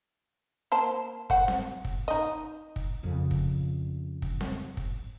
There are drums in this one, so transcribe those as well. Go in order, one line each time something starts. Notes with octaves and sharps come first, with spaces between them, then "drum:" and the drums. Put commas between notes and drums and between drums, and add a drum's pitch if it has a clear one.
A#3 C5 A5
C5 F#5, drum: kick
drum: snare C4
drum: kick
D#4 D#5
drum: kick
F2 C#3
drum: kick
drum: kick
drum: snare C4
drum: kick